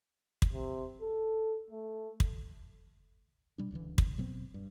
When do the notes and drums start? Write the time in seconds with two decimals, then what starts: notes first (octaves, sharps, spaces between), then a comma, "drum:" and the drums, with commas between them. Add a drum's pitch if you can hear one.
0.42 drum: kick
0.53 C3
1.01 A4
1.70 A3
2.20 drum: kick
3.58 B2 G3 D4
3.71 D1 C#2 D3 E3
3.98 drum: kick
4.18 B2 F#3 B3 C4
4.54 G2